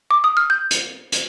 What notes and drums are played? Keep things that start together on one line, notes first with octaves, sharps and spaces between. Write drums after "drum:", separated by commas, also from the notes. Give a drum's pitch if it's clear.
D6
D#6
F6
G6
drum: hi-hat
drum: hi-hat